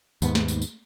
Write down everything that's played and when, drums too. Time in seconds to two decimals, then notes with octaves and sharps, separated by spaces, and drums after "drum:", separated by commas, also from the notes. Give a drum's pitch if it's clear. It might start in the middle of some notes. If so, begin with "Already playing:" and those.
0.22 D#2 G#2 B3, drum: tambourine
0.35 drum: snare
0.48 drum: tambourine
0.62 drum: tambourine